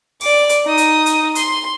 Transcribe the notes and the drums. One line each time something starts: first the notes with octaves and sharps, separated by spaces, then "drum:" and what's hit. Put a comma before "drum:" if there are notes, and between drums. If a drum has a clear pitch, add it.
D5 D6, drum: open hi-hat
drum: hi-hat
D#4 D#6
drum: hi-hat
drum: hi-hat
C6, drum: hi-hat